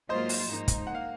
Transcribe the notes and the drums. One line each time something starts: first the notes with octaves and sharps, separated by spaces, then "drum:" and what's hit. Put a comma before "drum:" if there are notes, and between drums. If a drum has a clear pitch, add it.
G#2 F#3 A#3 F4 C5 D#5
drum: open hi-hat
G#2 F3 A#3 D#4
drum: kick, hi-hat
A#3 F#5
F5